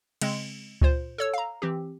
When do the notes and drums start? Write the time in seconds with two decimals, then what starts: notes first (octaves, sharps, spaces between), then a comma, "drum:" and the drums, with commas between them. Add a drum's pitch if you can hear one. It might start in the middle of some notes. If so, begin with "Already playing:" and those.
0.21 C#3 G#3 C4, drum: cymbal
0.81 A#2 F4 C5, drum: kick C#2
1.18 A4 C#5 E6
1.34 F5 A#5
1.62 E3 C4 G4